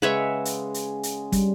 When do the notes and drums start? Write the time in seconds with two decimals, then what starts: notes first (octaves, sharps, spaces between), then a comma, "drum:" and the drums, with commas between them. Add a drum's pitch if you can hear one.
0.02 C#3 G#3 B4 C#5 E5 F#5
0.45 drum: hi-hat
0.74 drum: hi-hat
1.03 drum: hi-hat
1.32 G3, drum: kick, hi-hat